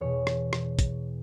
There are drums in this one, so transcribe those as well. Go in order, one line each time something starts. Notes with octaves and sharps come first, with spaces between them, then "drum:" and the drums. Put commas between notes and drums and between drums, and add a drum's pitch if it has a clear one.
E2 B2 C#5
drum: rim click
drum: rim click
drum: kick, hi-hat